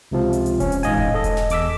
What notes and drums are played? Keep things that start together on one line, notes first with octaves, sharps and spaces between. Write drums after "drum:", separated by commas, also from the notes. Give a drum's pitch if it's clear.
C#2 C3 F3
drum: hi-hat
drum: hi-hat
C#4, drum: kick E1, hi-hat
drum: hi-hat
A1 G#2 D#5 F5 G#5, drum: hi-hat
drum: kick E1
A4 D#5
drum: kick E1, hi-hat
drum: snare
E2 D6 E6 B6, drum: hi-hat